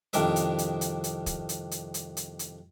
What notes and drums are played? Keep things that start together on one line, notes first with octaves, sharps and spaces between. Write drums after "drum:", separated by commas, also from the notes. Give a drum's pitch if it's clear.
C2 F2 D#3 D4 A#4 E5, drum: hi-hat
drum: hi-hat
drum: hi-hat
drum: hi-hat
drum: hi-hat
drum: kick, hi-hat
drum: hi-hat
drum: hi-hat
drum: hi-hat
drum: hi-hat
drum: hi-hat